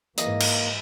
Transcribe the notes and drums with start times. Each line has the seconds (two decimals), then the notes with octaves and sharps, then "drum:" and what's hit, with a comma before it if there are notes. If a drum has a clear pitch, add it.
0.18 G#2 E3 A#3 D#5, drum: hi-hat
0.40 drum: cymbal